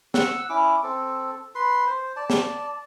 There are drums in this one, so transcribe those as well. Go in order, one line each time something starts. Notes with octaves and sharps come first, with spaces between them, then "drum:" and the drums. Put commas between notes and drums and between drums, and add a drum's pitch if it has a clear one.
F#5 E6, drum: snare
C#4 E4 D6
C4 A4
B4 C6
C5
D5 A5
drum: snare